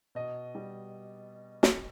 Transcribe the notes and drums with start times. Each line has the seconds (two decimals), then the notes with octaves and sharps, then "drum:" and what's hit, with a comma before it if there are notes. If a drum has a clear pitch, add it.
0.15 B2 D#5
0.55 G3
1.63 drum: snare